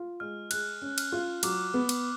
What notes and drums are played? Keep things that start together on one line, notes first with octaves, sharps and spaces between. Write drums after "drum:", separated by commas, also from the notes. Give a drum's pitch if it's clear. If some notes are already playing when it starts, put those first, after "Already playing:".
Already playing: F4
G#3 F6
G#4 F#6, drum: cymbal
C#4
F6, drum: cymbal
F4
F#3 D6, drum: cymbal
B3
drum: cymbal